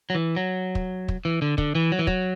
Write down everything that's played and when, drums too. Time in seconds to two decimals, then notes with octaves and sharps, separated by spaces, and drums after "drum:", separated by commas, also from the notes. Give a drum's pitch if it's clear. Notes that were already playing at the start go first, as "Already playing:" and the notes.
0.10 F#3
0.15 E3
0.36 F#3
0.75 drum: kick
1.08 drum: kick
1.25 E3
1.42 D3
1.58 D3, drum: kick
1.75 E3
1.92 F#3
1.99 E3
2.07 F#3, drum: kick